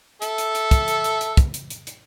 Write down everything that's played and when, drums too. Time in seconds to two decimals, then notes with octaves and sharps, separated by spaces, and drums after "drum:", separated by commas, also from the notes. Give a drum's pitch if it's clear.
0.22 A4 E5, drum: hi-hat
0.38 drum: hi-hat
0.55 drum: hi-hat
0.71 drum: kick, hi-hat
0.88 drum: hi-hat
1.04 drum: hi-hat
1.21 drum: hi-hat
1.37 drum: kick, hi-hat
1.54 drum: hi-hat
1.70 drum: hi-hat
1.87 drum: hi-hat